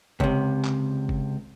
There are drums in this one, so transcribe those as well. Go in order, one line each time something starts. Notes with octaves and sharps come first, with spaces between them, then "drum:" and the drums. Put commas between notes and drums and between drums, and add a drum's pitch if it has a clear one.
C#2 C3, drum: kick
drum: clap
drum: kick